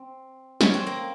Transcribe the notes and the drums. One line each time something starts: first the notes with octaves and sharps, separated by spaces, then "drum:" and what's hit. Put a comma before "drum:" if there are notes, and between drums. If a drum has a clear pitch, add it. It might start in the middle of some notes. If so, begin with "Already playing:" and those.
Already playing: C4
C#4, drum: snare
C4
A#3